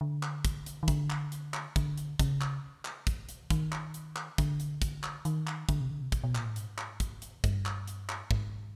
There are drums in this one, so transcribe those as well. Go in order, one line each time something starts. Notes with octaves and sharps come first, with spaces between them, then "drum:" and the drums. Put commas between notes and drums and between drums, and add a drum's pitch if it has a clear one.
D3
drum: clap
drum: kick, hi-hat
drum: hi-hat
D#3
D3, drum: kick, hi-hat
drum: clap
drum: hi-hat
drum: clap
D3, drum: kick, hi-hat
drum: hi-hat
C#3, drum: kick, hi-hat
drum: clap
drum: clap
drum: kick, hi-hat
drum: hi-hat
D#3, drum: kick, hi-hat
drum: clap
drum: hi-hat
drum: clap
D3, drum: kick, hi-hat
drum: hi-hat
drum: kick, hi-hat
drum: clap
D#3, drum: hi-hat
drum: clap
D3, drum: kick, hi-hat
C3
D3
C3
B2, drum: kick, hi-hat
B2
A#2, drum: clap
A2
G#2, drum: hi-hat
drum: clap
drum: kick, hi-hat
drum: hi-hat
G2, drum: kick, hi-hat
drum: clap
drum: hi-hat
drum: clap
G#2, drum: kick